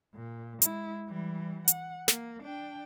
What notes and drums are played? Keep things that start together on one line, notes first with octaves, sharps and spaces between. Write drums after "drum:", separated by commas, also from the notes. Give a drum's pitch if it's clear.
A#2
G#3 E4, drum: hi-hat
E3 G3
F#5, drum: hi-hat
A#3, drum: snare
D4 G5